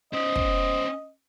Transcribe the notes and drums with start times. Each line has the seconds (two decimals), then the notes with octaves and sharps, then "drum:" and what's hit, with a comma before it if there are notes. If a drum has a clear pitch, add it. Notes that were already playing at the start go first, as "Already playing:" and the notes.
0.13 C#4 C5 D#5
0.36 drum: kick